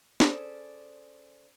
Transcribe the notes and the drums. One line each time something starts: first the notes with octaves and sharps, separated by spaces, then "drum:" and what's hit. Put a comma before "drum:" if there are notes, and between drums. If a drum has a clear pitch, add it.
C#4 G#4 A4 C5 D5, drum: snare